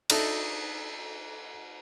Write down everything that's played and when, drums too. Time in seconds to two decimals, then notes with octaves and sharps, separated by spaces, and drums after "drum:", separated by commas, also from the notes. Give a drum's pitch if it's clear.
0.10 D4 D#4 A4 E5, drum: cymbal